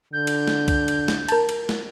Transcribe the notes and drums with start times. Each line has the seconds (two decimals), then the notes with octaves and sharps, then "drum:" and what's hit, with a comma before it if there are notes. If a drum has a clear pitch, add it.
0.13 D3 G6
0.27 drum: cymbal
0.48 drum: snare
0.68 drum: kick C2, cymbal
0.88 drum: cymbal
1.08 drum: snare
1.28 A#4 A5, drum: cymbal
1.49 drum: cymbal
1.69 drum: snare